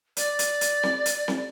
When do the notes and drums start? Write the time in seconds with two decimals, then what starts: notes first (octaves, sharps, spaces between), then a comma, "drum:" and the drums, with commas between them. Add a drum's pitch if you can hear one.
0.17 D5, drum: hi-hat
0.39 drum: hi-hat
0.61 drum: hi-hat
0.83 drum: snare C4
1.06 drum: hi-hat
1.28 drum: snare C4